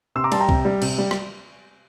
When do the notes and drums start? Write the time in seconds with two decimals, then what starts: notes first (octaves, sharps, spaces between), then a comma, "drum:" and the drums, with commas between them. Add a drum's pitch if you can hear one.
0.15 C3 C6 E6
0.24 A#5 D6
0.32 G3 A5 C6, drum: cymbal
0.40 G5 A#5
0.49 C3, drum: kick
0.65 G3
0.82 C3, drum: cymbal
0.98 G3
1.11 drum: rim click